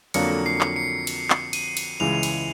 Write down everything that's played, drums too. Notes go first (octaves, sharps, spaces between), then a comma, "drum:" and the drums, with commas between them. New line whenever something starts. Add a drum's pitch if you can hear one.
F2 D3 F#3 A#3 D4 C#7, drum: cymbal
C7
drum: clap
C#7
drum: cymbal
drum: clap
D#7, drum: cymbal
drum: cymbal
C#2 C#3 E3 G#3 F7
drum: cymbal